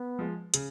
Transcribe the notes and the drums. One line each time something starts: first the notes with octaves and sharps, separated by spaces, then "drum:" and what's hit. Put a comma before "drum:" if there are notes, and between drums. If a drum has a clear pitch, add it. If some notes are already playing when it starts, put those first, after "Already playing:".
Already playing: B3
F3 G#3
C#3, drum: hi-hat